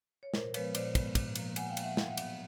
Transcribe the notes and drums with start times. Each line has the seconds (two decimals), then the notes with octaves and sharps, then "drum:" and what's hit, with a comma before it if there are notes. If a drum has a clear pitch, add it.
0.23 C#5
0.34 A#2 A#4 C5, drum: snare
0.54 F3 G#3 B3 B4 C#5, drum: cymbal
0.75 A#2 C5 D5, drum: cymbal
0.95 F3 G#3 B3, drum: kick, cymbal
1.15 A#2, drum: kick, cymbal
1.35 F3 A#3, drum: cymbal
1.56 A#2 F#5 G#5, drum: cymbal
1.70 F5 G5
1.77 F3 A#3, drum: cymbal
1.83 E5 F#5
1.97 A2 F5 G5, drum: snare
2.11 E5 F#5
2.17 F#3 B3, drum: cymbal